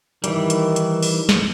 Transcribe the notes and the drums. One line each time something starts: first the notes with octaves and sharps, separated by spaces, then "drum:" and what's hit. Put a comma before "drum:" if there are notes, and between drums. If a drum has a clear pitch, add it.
D#3 E3 G3, drum: hi-hat
drum: hi-hat
drum: hi-hat
drum: open hi-hat
drum: snare